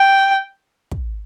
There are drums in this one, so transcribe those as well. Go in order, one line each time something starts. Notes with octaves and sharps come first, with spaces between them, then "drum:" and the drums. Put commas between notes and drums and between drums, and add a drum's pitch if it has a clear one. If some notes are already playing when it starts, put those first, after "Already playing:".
Already playing: G5
drum: kick